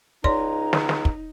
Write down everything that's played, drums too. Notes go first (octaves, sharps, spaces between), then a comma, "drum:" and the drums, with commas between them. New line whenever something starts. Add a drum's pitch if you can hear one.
C#2 D#4 C#5 D5 A#5 C6, drum: kick
drum: snare
drum: snare
drum: kick